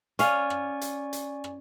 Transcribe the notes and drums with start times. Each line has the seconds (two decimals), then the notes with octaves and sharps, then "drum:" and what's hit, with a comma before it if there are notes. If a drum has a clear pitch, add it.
0.19 C#4 D5 F5 G#5 C#6, drum: hi-hat
0.50 drum: rim click
0.81 drum: hi-hat
1.13 drum: hi-hat
1.44 drum: rim click